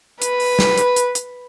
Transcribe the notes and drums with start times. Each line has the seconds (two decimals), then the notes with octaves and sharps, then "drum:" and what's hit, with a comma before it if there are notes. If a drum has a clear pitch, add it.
0.22 B4, drum: hi-hat
0.40 drum: open hi-hat
0.59 drum: snare
0.78 drum: hi-hat
0.96 drum: hi-hat
1.15 drum: hi-hat